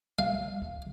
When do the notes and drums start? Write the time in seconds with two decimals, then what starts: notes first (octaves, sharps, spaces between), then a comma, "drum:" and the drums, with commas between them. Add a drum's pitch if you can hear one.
0.19 F5, drum: kick
0.62 drum: kick